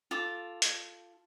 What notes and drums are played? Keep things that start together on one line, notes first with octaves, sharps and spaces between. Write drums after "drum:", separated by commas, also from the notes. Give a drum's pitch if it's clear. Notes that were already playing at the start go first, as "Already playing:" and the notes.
F4 A4 D6
drum: hi-hat